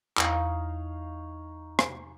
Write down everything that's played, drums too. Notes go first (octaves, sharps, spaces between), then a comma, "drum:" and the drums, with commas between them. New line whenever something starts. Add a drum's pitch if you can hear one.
E2 D#4 C#5 F5, drum: clap
drum: rim click